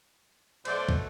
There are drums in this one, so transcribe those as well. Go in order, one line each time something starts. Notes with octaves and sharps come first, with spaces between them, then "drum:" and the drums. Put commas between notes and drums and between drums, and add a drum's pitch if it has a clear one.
B2 F#3 A3 C5 D5, drum: cymbal
drum: kick